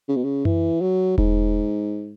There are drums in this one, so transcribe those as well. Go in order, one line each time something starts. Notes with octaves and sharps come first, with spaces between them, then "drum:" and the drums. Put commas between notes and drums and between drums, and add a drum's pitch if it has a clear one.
C#3
B2
C#3
E3, drum: tom F#2
F#3
G#2, drum: kick E1